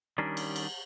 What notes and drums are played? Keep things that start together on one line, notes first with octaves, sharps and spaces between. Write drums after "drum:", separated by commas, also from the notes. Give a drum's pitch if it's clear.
D#3 G3 C#4 D4
drum: cymbal
drum: cymbal